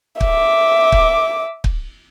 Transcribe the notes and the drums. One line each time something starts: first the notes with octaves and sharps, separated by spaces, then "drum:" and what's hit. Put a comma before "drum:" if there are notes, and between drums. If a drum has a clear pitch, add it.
E5 D6, drum: kick
drum: kick
drum: kick